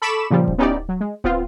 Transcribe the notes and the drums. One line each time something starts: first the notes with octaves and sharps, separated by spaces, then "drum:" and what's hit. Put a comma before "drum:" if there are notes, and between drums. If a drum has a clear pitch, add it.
A4 B5 C#6 D6 E6 E7
A#2 C#3 F3 G3
drum: kick D1
B3 C#4 D#4 E4 G4 D5
F#3
G#3
B3 C4 F4, drum: kick D1